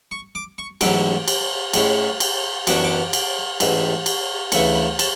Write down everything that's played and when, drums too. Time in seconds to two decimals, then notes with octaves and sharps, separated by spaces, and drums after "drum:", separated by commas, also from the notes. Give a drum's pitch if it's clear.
0.11 C#6
0.35 D6
0.58 C#6
0.81 A1 G#2 F#3 C#4 E4 D6, drum: cymbal
1.28 drum: cymbal
1.73 A2 G#3 C#4 E4, drum: cymbal
2.20 drum: cymbal
2.67 F#2 E3 B3 D4 D6, drum: cymbal
2.75 C#6
2.84 D6
3.13 drum: cymbal
3.60 A1 G#2 E3, drum: cymbal
4.06 drum: cymbal
4.52 D2 C#3 E3 A3 E4 C#6, drum: cymbal
4.75 B5
4.99 A5, drum: cymbal